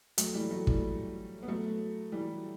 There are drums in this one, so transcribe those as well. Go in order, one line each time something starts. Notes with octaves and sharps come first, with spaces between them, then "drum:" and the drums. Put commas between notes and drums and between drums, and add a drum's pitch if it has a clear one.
F#3 A3, drum: hi-hat
E3 G3
F#3 A3
E3 G3, drum: kick
B3
F#3 A3
E3 G3